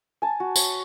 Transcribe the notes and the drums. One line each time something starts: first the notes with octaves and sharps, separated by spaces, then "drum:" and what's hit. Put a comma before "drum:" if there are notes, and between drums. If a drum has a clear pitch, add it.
G#5 A5
F#4
C#5, drum: tambourine